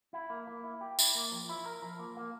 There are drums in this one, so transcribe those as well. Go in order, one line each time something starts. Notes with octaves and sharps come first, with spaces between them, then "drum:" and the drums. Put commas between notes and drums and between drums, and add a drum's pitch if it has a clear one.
E4
A#3
A#3
E4
G4
E4, drum: tambourine
A#3
F3
E4
A#4
F3
A#3
A#3